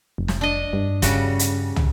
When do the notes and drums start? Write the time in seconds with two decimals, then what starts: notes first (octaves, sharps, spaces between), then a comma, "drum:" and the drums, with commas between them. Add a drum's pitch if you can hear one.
0.18 F1
0.28 drum: snare
0.41 D4 D#5
0.73 G2
1.02 C#3 G3 F#4, drum: kick, hi-hat
1.39 drum: hi-hat
1.76 drum: tom